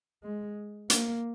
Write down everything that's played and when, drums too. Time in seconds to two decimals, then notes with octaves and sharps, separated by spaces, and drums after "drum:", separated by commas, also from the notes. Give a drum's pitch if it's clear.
0.23 G#3
0.90 A#3, drum: hi-hat